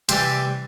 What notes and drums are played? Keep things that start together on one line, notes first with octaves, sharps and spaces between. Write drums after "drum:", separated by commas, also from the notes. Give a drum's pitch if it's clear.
C3 E3 G3 C5, drum: hi-hat